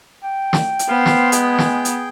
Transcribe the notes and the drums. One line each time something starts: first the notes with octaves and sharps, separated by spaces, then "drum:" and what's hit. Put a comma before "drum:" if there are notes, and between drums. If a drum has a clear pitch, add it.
G5
drum: snare
drum: hi-hat
B3 C5 F5 C6
drum: snare
G#3 G#4 G5, drum: hi-hat
drum: snare
drum: hi-hat